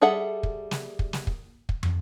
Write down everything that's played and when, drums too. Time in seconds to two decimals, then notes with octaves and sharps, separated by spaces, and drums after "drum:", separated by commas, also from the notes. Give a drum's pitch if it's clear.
0.02 G3 G#4 A4 E5 F#5
0.43 drum: kick
0.71 drum: snare
0.99 drum: kick
1.13 drum: snare
1.27 drum: kick
1.69 drum: kick
1.83 drum: tom